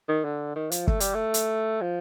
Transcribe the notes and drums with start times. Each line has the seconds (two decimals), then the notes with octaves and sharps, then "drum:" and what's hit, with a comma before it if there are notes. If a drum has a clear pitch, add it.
0.09 D#3
0.24 D3
0.56 D#3
0.71 F3, drum: hi-hat
0.87 A3, drum: kick
1.00 G3, drum: hi-hat
1.15 A3
1.34 drum: hi-hat
1.81 F3